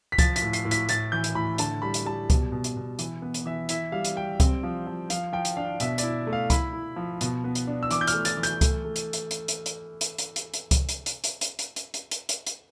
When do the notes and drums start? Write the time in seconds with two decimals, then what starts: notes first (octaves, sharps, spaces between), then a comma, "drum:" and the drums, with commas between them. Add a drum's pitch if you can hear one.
0.12 B6
0.18 F3 A6, drum: kick C#2, hi-hat
0.36 B6, drum: hi-hat
0.42 A2
0.53 C7, drum: hi-hat
0.65 A2
0.71 B6, drum: hi-hat
0.89 A2 A6, drum: hi-hat
1.12 E3 G6
1.24 drum: hi-hat
1.35 A2 B5
1.58 D3 A5, drum: hi-hat
1.82 G3 B5
1.94 drum: hi-hat
2.05 G3 A5
2.30 B2, drum: kick C#2, hi-hat
2.52 B2
2.64 drum: hi-hat
2.77 B2
2.99 E3, drum: hi-hat
3.22 B3
3.34 drum: hi-hat
3.46 E3 E5
3.69 E4 E5, drum: hi-hat
3.92 G3 F5
4.05 drum: hi-hat
4.16 G3 G5
4.40 C4, drum: kick C#2, hi-hat
4.63 F3
4.87 F3
5.10 F3 F5, drum: hi-hat
5.33 F3 G5
5.45 drum: hi-hat
5.57 D4 F5
5.80 B2 E5, drum: hi-hat
5.98 E4 D5, drum: hi-hat
6.27 A3
6.33 F5
6.50 E4 B5, drum: kick C#2, hi-hat
6.73 E4
6.96 F3
7.21 B2, drum: hi-hat
7.44 B3
7.55 drum: hi-hat
7.67 D4
7.83 E6
7.91 E3 D6, drum: hi-hat
8.01 G6
8.07 F6, drum: hi-hat
8.13 A3
8.25 A6, drum: hi-hat
8.37 E3
8.43 G6, drum: hi-hat
8.61 A3, drum: kick C#2, hi-hat
8.85 A3
8.96 drum: hi-hat
9.13 drum: hi-hat
9.31 drum: hi-hat
9.48 drum: hi-hat
9.66 drum: hi-hat
10.01 drum: hi-hat
10.18 drum: hi-hat
10.36 drum: hi-hat
10.54 drum: hi-hat
10.71 drum: kick C#2, hi-hat
10.89 drum: hi-hat
11.06 drum: hi-hat
11.24 drum: hi-hat
11.41 drum: hi-hat
11.59 drum: hi-hat
11.76 drum: hi-hat
11.94 drum: hi-hat
12.11 drum: hi-hat
12.29 drum: hi-hat
12.47 drum: hi-hat